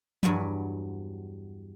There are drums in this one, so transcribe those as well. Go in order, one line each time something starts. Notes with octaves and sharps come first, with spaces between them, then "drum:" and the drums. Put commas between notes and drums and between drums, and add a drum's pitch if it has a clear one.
E2 G2 F#3 D5 G#5 B5, drum: tom F3